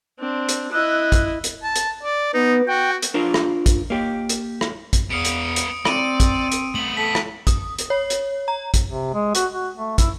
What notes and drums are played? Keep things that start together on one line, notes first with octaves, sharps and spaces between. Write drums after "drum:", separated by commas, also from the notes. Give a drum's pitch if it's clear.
C4 D4
drum: hi-hat
E4 D#5 E6 F#6
drum: kick, hi-hat
drum: hi-hat
A5
drum: hi-hat
D5
B3 D#4
F#4 G5
drum: hi-hat
D4 F4 A#4 C5
drum: rim click
drum: kick, hi-hat
A#3 G4
drum: hi-hat
drum: rim click
drum: kick, hi-hat
E2 B3 F5 D#6 C#7 D7
drum: hi-hat
drum: hi-hat
C4 D5 D7 D#7, drum: rim click
drum: kick, hi-hat
drum: hi-hat
A3 B3 F#7
A4 B6
drum: rim click
D#6, drum: kick, hi-hat
drum: hi-hat
C#5
drum: hi-hat
A#5
drum: kick, hi-hat
C3
G#3
F#4, drum: hi-hat
F#4
A3
E4, drum: kick, hi-hat